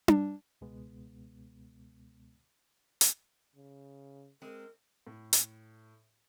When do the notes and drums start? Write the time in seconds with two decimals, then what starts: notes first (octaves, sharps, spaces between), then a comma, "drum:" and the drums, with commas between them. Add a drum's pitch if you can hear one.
0.08 drum: tom D4
0.61 C#2 B2 G#3 B3
3.01 drum: hi-hat
3.56 C#3
4.42 G#3 C4 A#4
5.07 A2
5.33 drum: hi-hat